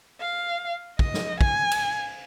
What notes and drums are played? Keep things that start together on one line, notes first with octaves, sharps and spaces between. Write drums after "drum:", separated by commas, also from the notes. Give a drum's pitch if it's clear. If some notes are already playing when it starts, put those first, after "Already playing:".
F5
D#5, drum: kick
drum: snare
G#5, drum: kick
drum: cymbal